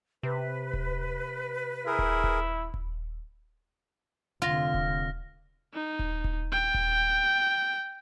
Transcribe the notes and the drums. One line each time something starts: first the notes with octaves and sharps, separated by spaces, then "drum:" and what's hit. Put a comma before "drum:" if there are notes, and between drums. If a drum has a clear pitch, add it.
C3 B4
drum: kick D#1
E4 G#4 A#4
drum: kick D#1
drum: kick D#1
drum: kick D#1
F1 D3 F4 F6 A#6
drum: kick D#1
D#4
drum: kick D#1
drum: kick D#1
G5
drum: kick D#1